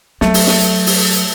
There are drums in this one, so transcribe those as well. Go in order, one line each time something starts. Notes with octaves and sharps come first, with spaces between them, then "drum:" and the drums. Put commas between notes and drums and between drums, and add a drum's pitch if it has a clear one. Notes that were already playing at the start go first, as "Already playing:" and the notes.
F#3 A3, drum: snare
drum: open hi-hat
drum: snare
drum: hi-hat
drum: open hi-hat
drum: hi-hat